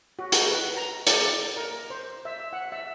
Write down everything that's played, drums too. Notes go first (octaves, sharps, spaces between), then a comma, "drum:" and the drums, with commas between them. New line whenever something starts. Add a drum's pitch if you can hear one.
F#4
drum: hi-hat
B4
A#5
D5, drum: hi-hat
A#4
C5
E5
F#5
E5